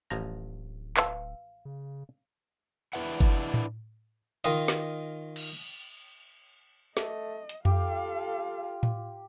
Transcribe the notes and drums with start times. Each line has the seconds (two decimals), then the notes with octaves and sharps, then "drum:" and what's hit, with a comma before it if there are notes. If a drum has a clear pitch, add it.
0.10 D1 A1 F3 A#5 A#6
0.97 B4 F5 A5 E6, drum: clap
1.65 C#3
2.93 D4 E4 B4 E5 F#5
3.21 drum: kick G1
3.54 drum: tom A2
4.44 D#3 F4 D#5, drum: hi-hat
4.68 drum: snare
5.36 drum: cymbal
6.97 A3 D#5, drum: snare
7.49 drum: hi-hat
7.65 F4 G4 A4 F5, drum: tom F2
8.83 drum: tom A2